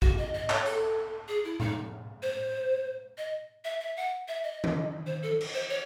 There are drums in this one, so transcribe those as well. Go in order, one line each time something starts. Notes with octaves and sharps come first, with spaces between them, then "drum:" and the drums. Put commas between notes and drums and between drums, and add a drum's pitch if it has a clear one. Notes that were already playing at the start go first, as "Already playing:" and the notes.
F#4, drum: kick
D#5
D#5
C#5, drum: clap
A4, drum: hi-hat
G#4
E4
D#4, drum: tom A2
C5
D#5
E5
E5
F#5
E5
D#5
drum: tom D#3
C5
A4
drum: cymbal
C5
C#5